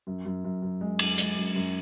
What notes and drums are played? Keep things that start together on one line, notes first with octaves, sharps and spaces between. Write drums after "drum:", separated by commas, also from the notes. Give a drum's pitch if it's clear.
F#2
F#2
F#2
F#2
G#3
F#2, drum: cymbal
G#3, drum: hi-hat
F#2
F#2